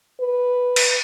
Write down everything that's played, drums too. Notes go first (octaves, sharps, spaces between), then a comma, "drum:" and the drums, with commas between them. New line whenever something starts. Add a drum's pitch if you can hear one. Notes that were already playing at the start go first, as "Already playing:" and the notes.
B4
drum: cymbal